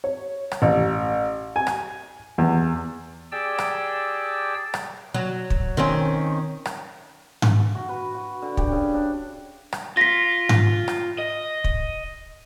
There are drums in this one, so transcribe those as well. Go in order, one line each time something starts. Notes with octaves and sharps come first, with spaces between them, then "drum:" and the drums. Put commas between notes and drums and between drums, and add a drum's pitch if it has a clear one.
C#5
drum: rim click
A1
G#5
drum: rim click
E2
G4 G#4 D5 G5 A5 E6
drum: rim click
drum: rim click
F#3
drum: kick
D#3 C4 C#4
drum: rim click
drum: tom G#2
F#4
B4
F#4
D3
G4, drum: kick
C#3
D4
drum: rim click
F4 A#6 B6
drum: tom G#2
drum: rim click
D#5
drum: kick